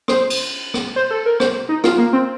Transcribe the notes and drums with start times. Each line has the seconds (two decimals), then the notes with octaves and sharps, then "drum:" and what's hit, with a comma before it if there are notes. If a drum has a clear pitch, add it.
0.08 C5, drum: rim click
0.30 drum: cymbal
0.74 drum: rim click
0.96 C5
1.11 A4
1.26 A#4
1.40 C5, drum: rim click
1.69 D#4
1.84 F4, drum: rim click
1.98 A#3
2.13 C4